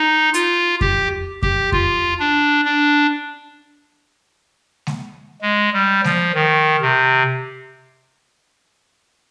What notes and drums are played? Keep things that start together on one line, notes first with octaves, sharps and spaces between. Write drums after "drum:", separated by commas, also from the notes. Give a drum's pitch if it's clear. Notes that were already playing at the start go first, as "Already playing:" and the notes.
Already playing: D#4
F4, drum: hi-hat
G4, drum: kick F2
G4, drum: kick F2
F4, drum: kick F2
D4
D4
drum: snare G#3
G#3
G3
F3, drum: snare G#3
D#3
C3